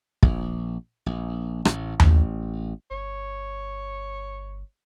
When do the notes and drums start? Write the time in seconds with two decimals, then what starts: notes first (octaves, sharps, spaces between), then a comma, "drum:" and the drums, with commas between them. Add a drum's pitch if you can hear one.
0.23 A#1, drum: kick
1.06 A#1
1.65 A1, drum: rim click
2.00 A1, drum: tom D#2
2.91 G1 C#5